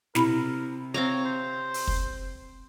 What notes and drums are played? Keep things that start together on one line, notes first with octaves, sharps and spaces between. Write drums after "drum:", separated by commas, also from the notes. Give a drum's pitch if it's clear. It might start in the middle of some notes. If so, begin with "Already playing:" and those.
C3 E4 A#4 B5, drum: snare
C4 C#5 F5 A#5
C5
drum: open hi-hat
drum: kick